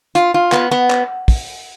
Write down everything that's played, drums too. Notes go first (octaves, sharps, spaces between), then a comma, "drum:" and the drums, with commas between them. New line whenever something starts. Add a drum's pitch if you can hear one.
F4, drum: hi-hat
F4
B3, drum: clap
B3
drum: clap
drum: kick, open hi-hat